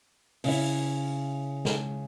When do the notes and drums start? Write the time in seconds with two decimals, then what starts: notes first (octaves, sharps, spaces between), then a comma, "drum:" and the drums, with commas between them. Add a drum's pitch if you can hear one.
0.44 C#3 E4, drum: open hi-hat
1.65 drum: snare